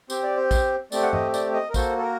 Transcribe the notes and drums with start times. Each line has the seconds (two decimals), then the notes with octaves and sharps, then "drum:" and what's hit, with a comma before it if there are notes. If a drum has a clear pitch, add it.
0.10 C4 G4 C5, drum: tambourine
0.23 D5
0.37 C5
0.51 drum: kick, tambourine
0.92 A3 C4 G4 D5, drum: tambourine
1.02 F#5
1.13 D#5, drum: tom G2
1.34 D5, drum: tambourine
1.54 D#5
1.70 A#4
1.74 A#3 F#4 A4 C5, drum: kick, tambourine
1.98 A4
2.02 A#4